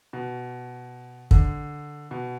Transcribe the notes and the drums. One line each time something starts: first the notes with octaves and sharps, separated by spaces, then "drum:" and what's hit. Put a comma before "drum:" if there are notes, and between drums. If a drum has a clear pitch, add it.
B2
D3, drum: kick
B2